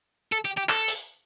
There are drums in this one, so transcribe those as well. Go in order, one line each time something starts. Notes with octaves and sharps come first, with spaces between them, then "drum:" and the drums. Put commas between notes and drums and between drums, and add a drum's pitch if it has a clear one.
A4
G4
G4
A4, drum: clap
drum: open hi-hat